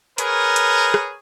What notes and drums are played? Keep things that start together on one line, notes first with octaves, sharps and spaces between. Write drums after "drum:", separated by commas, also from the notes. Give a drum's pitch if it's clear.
G#4 A#4 B4 C#5, drum: hi-hat
drum: hi-hat
drum: rim click